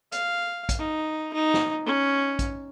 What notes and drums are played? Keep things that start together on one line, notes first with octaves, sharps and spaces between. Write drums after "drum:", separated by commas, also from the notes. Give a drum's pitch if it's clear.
F5, drum: hi-hat
drum: kick, hi-hat
D#4
D#4
drum: snare
C#4
drum: kick, hi-hat